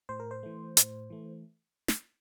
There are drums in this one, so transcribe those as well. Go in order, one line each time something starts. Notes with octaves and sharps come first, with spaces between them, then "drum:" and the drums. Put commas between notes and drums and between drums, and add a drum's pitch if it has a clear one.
A2 C5
A#4
C5
E3 A3
A2, drum: hi-hat
E3 A3
drum: snare